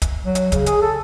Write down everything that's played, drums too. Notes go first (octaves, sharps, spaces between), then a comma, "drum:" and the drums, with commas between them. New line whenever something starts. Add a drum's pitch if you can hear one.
drum: kick, hi-hat
F#3
drum: hi-hat
C#3, drum: kick, hi-hat
G#4, drum: hi-hat
A4